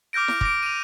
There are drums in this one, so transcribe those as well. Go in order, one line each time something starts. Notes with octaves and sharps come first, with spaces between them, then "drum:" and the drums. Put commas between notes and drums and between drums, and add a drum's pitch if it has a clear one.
D6 F6 G6 A#6 D7
drum: snare E4
D6 A#6 D7, drum: kick
D#7 F7